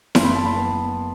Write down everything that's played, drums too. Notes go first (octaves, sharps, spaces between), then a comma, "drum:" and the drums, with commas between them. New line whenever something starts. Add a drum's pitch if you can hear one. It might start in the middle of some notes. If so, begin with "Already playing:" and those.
F#1 C6, drum: snare E4
B5
A5
B5
B3